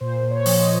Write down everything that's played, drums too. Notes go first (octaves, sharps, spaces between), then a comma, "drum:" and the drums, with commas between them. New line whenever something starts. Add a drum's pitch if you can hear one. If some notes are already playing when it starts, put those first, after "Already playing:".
A#2 C5
A#2
C#5
F3, drum: open hi-hat
C#5
D#5